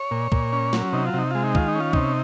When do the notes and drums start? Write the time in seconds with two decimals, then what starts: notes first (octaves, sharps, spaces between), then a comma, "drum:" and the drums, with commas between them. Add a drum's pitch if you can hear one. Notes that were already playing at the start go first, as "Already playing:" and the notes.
Already playing: C#5
0.11 A#2
0.32 A#2, drum: kick
0.53 C#4
0.73 F#3, drum: snare
0.93 C3 D#4
1.06 F4
1.14 C3 D#4
1.31 G#3 F4
1.44 D#4
1.55 D#3 F4, drum: kick
1.68 D#4
1.75 C#4
1.80 F4
1.93 C3 D#4, drum: kick